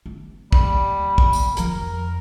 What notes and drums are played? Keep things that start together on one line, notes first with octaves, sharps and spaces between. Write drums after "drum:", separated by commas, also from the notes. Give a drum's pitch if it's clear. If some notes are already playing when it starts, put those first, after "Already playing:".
B3
G3 A#3, drum: kick
drum: kick
drum: tambourine
F2 F3 A#4, drum: hi-hat